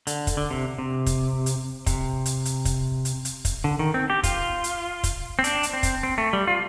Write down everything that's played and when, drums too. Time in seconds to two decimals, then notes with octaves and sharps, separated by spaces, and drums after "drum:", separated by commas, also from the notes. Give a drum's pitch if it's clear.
0.07 D3, drum: hi-hat
0.27 drum: kick, hi-hat
0.37 D3
0.50 C3
0.79 C3
1.06 drum: kick, hi-hat
1.46 drum: hi-hat
1.86 C3, drum: kick, hi-hat
2.26 drum: hi-hat
2.45 drum: hi-hat
2.65 drum: kick, hi-hat
3.05 drum: hi-hat
3.25 drum: hi-hat
3.45 drum: kick, hi-hat
3.64 D3
3.79 D#3
3.94 C4
4.10 G4
4.23 F4, drum: kick, hi-hat
4.64 drum: hi-hat
5.03 drum: kick, hi-hat
5.39 C4
5.44 D4, drum: hi-hat
5.63 drum: hi-hat
5.73 C4
5.83 drum: kick, hi-hat
6.03 C4
6.18 A3
6.33 G3
6.47 F4